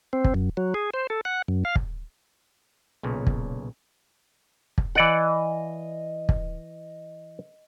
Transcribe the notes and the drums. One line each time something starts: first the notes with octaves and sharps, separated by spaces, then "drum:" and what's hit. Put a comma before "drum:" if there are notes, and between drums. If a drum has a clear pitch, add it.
C4
drum: kick
F#2
F#3
G#4
C5
A4
F#5
F#2
F5
drum: kick
B1 A#2 C#3
drum: kick
drum: kick
E3 D5 D#5 F#5
drum: kick